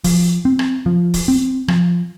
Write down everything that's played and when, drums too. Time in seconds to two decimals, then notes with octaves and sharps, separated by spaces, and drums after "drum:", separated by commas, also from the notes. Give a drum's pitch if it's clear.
0.04 F3, drum: kick, open hi-hat
0.45 C4
0.59 drum: rim click
0.86 F3
1.14 drum: kick, open hi-hat
1.28 C4
1.68 F3, drum: rim click